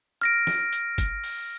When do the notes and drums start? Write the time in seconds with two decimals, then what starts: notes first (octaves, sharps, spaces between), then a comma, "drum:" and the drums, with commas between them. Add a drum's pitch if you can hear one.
0.21 F6 A#6 D7
0.47 drum: snare
0.73 drum: hi-hat
0.98 drum: kick, hi-hat
1.24 drum: open hi-hat